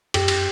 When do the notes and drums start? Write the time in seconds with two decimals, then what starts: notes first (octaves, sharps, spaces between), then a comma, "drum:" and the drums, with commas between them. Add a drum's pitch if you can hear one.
0.14 F#2 G4, drum: cymbal
0.28 drum: cymbal